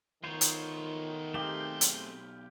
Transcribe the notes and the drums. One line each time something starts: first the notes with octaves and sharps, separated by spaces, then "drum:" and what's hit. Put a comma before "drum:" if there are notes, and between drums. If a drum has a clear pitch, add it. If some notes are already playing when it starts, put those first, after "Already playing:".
D#3 A3 B3 F4 C5 C#5
drum: hi-hat
B1 A3 C4 G4 G#4 F5 C6
drum: hi-hat